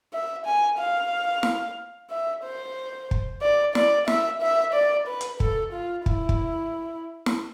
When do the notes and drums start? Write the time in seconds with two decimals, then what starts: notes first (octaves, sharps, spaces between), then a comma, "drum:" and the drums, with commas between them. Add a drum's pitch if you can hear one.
0.13 E5
0.46 G#5
0.78 F5
1.43 drum: snare
2.10 E5
2.44 C5
3.11 drum: kick
3.42 D5
3.75 D5, drum: snare
4.08 E5, drum: snare
4.42 E5
4.74 D5
5.07 B4
5.21 drum: hi-hat
5.40 A4, drum: kick
5.73 F4
6.06 E4, drum: kick
6.29 drum: kick
7.26 drum: snare